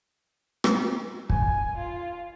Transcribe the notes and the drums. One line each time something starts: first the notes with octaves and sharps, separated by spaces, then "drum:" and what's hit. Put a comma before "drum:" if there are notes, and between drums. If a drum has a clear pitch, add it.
drum: rim click
G#5, drum: kick
F4